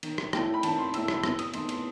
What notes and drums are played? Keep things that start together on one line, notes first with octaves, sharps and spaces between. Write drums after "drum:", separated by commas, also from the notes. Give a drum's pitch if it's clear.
D#3, drum: cymbal
drum: rim click
A3 E4 G5, drum: rim click
B5
D#3 A5, drum: cymbal
C6
A3 E4 E6, drum: cymbal
E6, drum: rim click
E2 E6, drum: rim click
D#6, drum: cymbal
D#3 A3 D#4 C6, drum: cymbal
C6, drum: cymbal